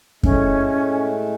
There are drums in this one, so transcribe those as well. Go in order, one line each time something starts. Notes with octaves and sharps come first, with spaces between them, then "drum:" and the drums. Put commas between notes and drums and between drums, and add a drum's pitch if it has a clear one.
A2 G#3 A3 C#4, drum: kick F#2